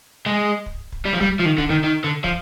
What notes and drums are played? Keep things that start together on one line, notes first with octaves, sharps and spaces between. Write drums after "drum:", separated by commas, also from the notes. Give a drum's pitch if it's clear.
G#3
drum: kick
drum: kick
G3
F3
G3, drum: kick
F3
D#3
D3, drum: kick
D#3
D#3
D3
F3, drum: kick